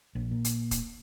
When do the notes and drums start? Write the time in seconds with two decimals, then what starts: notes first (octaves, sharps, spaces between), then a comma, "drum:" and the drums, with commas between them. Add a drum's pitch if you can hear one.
0.15 A#1
0.31 A#2
0.45 drum: hi-hat
0.71 drum: kick E1, hi-hat